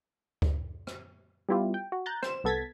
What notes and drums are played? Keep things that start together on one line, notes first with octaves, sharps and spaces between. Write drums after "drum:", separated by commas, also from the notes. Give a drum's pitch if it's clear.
drum: kick D2
drum: rim click
G3 B3 E4 F4 G4
G5
F#4
A#5 F#6 G6 A6
C5 E7, drum: rim click
C2 B3 A4 G#6 A6 B6